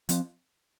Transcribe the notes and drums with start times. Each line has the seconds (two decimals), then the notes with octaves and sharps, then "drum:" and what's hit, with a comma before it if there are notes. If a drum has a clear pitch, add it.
0.09 F3 C4, drum: hi-hat